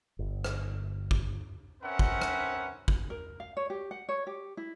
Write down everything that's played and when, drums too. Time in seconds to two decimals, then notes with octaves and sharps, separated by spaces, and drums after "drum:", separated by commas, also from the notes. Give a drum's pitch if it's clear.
0.19 G1
0.44 drum: rim click
1.11 drum: kick
1.83 C4 C#4 A#4 B4 E5 F#5
1.99 drum: kick
2.22 drum: rim click
2.88 drum: kick
3.10 A#4
3.40 F5
3.57 C#5
3.70 G4
3.91 F#5
4.09 C#5
4.27 G4
4.57 E4